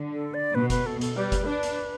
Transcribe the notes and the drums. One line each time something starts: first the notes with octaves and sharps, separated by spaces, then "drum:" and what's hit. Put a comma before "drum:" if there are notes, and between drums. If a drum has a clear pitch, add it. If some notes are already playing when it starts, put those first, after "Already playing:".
Already playing: D3
A4
D5
B2 B4
B4, drum: kick F#1, hi-hat
A4
A4, drum: hi-hat
G3 B4
drum: kick F#1, hi-hat
D4
drum: hi-hat